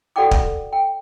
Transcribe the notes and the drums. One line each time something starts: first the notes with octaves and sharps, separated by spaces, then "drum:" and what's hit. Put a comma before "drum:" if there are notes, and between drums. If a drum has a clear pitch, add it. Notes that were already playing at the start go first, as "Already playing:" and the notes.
F#4 A4 D5 F#5 G5 D6
drum: kick
G5